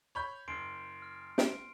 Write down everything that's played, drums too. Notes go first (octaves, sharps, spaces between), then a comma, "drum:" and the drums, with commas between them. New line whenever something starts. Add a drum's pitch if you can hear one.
C#5 B5 G6
F#1 C6 C7 D7
F6
D7, drum: snare